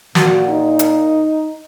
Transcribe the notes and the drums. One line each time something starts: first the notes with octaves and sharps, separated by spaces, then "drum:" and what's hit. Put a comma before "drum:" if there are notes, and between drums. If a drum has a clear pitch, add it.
A#2 F#4, drum: snare
D#4
drum: hi-hat